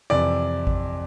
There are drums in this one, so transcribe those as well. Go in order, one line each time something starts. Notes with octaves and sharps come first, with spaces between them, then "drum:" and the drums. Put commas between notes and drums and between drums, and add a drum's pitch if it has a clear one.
F2 C3 E3 D5
drum: kick G#1